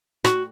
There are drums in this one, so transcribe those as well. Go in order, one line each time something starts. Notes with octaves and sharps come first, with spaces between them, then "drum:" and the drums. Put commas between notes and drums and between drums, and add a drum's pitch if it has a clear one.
F#4, drum: rim click